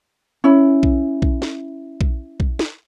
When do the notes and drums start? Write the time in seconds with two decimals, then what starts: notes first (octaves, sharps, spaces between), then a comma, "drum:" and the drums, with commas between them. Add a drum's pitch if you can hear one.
0.44 C#4 E4
0.83 drum: kick A#1
1.22 drum: kick A#1
1.42 drum: snare
2.01 drum: kick A#1
2.40 drum: kick A#1
2.59 drum: snare